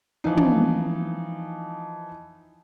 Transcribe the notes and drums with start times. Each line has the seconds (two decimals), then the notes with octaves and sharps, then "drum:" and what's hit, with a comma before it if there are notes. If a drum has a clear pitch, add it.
0.24 E3 F3 D#4
0.37 drum: tom